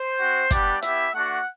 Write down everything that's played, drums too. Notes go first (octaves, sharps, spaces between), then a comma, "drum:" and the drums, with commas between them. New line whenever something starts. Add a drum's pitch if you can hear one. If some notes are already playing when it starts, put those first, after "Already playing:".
Already playing: C5
C4 F#4
G3 B3 D4 G4 D5, drum: kick, hi-hat
B3 E4 G4 E5, drum: hi-hat
A3 D4 F#4 F#5